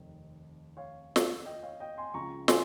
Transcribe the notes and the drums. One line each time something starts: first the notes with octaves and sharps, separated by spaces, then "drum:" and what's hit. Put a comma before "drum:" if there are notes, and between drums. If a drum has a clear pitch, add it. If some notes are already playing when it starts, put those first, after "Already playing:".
Already playing: F1 D#2 D#3
C#5 F5
drum: snare
D#5 G5
C#5 F5
D#5 G5
G#5 C6
C#2 C#3 F3 A#5 C#6
G#5 C6, drum: snare